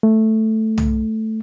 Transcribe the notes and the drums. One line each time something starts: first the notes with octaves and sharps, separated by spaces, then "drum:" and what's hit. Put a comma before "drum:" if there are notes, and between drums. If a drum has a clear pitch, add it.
A3
drum: tom